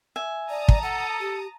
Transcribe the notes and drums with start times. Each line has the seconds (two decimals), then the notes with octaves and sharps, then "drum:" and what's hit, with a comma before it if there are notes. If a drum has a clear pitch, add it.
0.16 E5 G#5
0.50 D5 A5 A#5 D#6
0.68 drum: kick
0.83 A4 F#5
1.20 G4